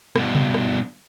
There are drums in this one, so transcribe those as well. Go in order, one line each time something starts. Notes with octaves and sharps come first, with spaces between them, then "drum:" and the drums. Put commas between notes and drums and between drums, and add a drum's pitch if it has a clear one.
G2 B2, drum: rim click
drum: tom C3
drum: rim click